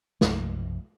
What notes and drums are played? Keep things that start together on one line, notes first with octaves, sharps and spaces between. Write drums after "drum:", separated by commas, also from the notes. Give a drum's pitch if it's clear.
B1 F#2 C3 F3, drum: snare